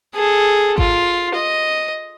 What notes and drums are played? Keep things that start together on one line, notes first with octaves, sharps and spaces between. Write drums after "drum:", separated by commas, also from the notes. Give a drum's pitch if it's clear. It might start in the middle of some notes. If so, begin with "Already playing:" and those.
G#4 A4
F4, drum: kick G#1
D#5